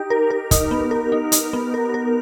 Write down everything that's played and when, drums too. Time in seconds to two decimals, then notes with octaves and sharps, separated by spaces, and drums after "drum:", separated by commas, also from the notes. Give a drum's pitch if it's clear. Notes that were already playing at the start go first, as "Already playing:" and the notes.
Already playing: D#4 G4
0.10 A#4
0.30 A#4
0.51 D#4, drum: kick, hi-hat
0.71 B3
0.91 A#4
1.12 D#4
1.32 D#4, drum: hi-hat
1.53 B3
1.74 A#4
1.94 A#4